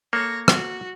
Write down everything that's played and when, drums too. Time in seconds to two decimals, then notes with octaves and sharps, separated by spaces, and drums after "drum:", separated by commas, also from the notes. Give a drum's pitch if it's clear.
0.13 A#3 A4 C#5 A#6
0.48 F#4, drum: rim click